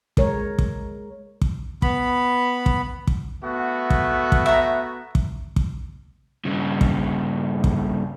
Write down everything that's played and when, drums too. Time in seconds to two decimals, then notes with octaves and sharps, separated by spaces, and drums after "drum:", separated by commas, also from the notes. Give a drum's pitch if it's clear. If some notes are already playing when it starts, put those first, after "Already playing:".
0.17 G#3 A#4 C#5, drum: kick
0.59 drum: kick
1.41 drum: kick
1.82 B3 B5, drum: kick
2.66 drum: kick
3.07 drum: kick
3.44 A3 B3 F#4
3.90 drum: kick
4.32 drum: kick
4.46 E5 A#5
5.15 drum: kick
5.56 drum: kick
6.45 G2 C#3
6.81 drum: kick
7.64 drum: kick